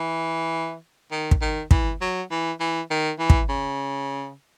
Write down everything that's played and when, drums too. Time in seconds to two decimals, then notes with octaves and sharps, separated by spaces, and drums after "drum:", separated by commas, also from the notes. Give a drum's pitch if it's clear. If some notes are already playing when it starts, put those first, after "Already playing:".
Already playing: E3
1.11 D#3
1.31 drum: kick
1.41 D#3
1.71 E3, drum: kick
2.01 F#3
2.31 E3
2.60 E3
2.91 D#3
3.19 E3
3.30 drum: kick
3.49 C#3